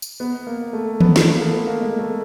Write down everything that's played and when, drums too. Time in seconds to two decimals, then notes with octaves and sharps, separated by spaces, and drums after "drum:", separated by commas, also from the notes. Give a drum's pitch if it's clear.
0.02 drum: tambourine
0.20 B3
0.47 A#3
0.73 A3
1.01 B3, drum: tom D#3
1.16 drum: snare
1.27 B3
1.35 A#3
1.41 A3
1.54 B3
1.67 A#3
1.81 G#3
1.99 A3